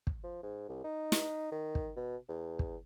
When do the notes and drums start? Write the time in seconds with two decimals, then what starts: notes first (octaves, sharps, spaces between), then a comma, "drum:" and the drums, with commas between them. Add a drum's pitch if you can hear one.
0.07 drum: kick
0.23 F3
0.43 G#2
0.69 C2
0.84 D#4
1.12 drum: snare
1.51 D#3
1.75 drum: kick
1.96 B2
2.28 E2
2.59 drum: kick